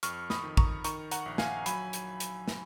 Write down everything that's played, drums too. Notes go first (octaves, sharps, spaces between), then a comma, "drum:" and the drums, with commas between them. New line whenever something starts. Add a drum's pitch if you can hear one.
F2 C#6 F6, drum: hi-hat
B5 D#6, drum: snare
D#3
A#5 C#6, drum: kick
D#3 A#5 C#6, drum: hi-hat
F#5 A#5, drum: hi-hat
A#1
F5 G#5, drum: snare
F#3 G#5 B5, drum: hi-hat
drum: hi-hat
drum: hi-hat
drum: snare